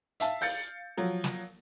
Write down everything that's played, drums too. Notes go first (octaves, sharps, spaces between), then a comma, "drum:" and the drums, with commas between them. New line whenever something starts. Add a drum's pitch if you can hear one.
E5 F5 A5, drum: hi-hat
F5 G6 A6 C#7, drum: open hi-hat
F3 F#3
drum: snare